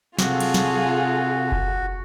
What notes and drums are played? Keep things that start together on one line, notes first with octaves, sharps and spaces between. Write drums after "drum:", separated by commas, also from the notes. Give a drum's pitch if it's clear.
C3 F4 F#4 G#4 A4, drum: snare
drum: cymbal
drum: snare
drum: kick F#1